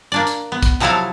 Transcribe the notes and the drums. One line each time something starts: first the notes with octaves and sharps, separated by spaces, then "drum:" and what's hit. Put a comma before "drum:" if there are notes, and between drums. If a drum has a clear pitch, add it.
A#3 D4 D5
drum: hi-hat
B3
drum: kick, hi-hat
C3 F3 F#3 E4 A4 F5